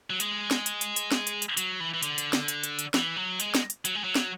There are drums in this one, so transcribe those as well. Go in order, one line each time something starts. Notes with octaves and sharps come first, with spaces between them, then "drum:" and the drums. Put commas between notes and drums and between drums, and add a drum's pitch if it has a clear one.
F#3
G#3, drum: hi-hat
drum: snare
drum: hi-hat
drum: hi-hat
drum: hi-hat
drum: snare
drum: hi-hat
drum: hi-hat
F#3, drum: hi-hat
E3
E3
D3, drum: hi-hat
drum: hi-hat
drum: snare
drum: hi-hat
drum: hi-hat
drum: hi-hat
E3, drum: snare
F#3
G#3, drum: hi-hat
drum: snare
drum: hi-hat
F#3, drum: hi-hat
G#3
F#3
drum: snare